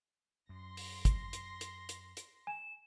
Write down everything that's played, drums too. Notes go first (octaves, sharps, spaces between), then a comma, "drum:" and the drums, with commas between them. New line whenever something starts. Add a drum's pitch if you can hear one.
F#2 C6 A#6
drum: open hi-hat
drum: kick, hi-hat
drum: hi-hat
drum: hi-hat
drum: hi-hat
drum: hi-hat
G#5 E7